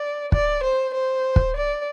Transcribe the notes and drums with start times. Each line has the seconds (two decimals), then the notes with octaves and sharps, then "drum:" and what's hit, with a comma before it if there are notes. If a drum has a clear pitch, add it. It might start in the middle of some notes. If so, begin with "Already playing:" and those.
Already playing: D5
0.32 D5, drum: kick
0.63 C5
0.94 C5
1.36 drum: kick
1.56 D5